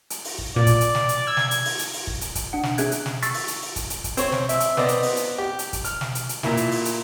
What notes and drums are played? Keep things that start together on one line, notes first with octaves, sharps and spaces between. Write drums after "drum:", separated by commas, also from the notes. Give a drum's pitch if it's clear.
drum: hi-hat
drum: open hi-hat
drum: kick
A#2 D5
drum: kick, hi-hat
drum: hi-hat
drum: snare
drum: hi-hat
E6 G#6
drum: snare
drum: hi-hat
drum: open hi-hat
drum: hi-hat
drum: open hi-hat
drum: kick
drum: hi-hat
drum: kick, hi-hat
D4 F#5
drum: snare
C#4 G#4 E5 F#6 G#6, drum: hi-hat
drum: hi-hat
drum: snare
C#6 E6 A6 B6 C7, drum: hi-hat
drum: open hi-hat
drum: hi-hat
drum: open hi-hat
drum: kick, hi-hat
drum: hi-hat
drum: kick, hi-hat
C4 C#5, drum: hi-hat
drum: snare
E5 E6, drum: hi-hat
drum: hi-hat
B3 C4 D5 D#5, drum: snare
drum: hi-hat
drum: open hi-hat
drum: hi-hat
G4
drum: hi-hat
drum: kick, hi-hat
F6, drum: hi-hat
drum: snare
drum: hi-hat
drum: hi-hat
A#2 A#3 E4, drum: snare
drum: hi-hat
drum: open hi-hat
drum: hi-hat